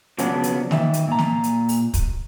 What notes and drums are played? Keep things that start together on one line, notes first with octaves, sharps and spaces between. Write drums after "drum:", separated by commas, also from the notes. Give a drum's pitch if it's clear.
C#3 F3 F#3 B3 D4, drum: hi-hat
drum: hi-hat
D#3 E5, drum: snare
drum: hi-hat
A#2 A#5
drum: snare
drum: hi-hat
drum: open hi-hat
drum: kick, hi-hat